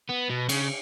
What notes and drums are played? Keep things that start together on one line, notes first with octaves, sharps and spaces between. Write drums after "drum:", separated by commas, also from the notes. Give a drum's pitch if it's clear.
B3
B2
C#3, drum: cymbal